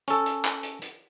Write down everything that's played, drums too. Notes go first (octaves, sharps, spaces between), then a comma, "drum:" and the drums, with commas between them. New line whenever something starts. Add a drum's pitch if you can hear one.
C#4 A4, drum: hi-hat
drum: hi-hat
drum: clap
drum: hi-hat
drum: hi-hat